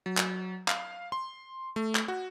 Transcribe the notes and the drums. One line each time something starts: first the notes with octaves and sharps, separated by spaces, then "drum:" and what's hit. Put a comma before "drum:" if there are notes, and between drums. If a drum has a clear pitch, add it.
F#3
drum: clap
F5, drum: clap
C6
A3
drum: clap
F#4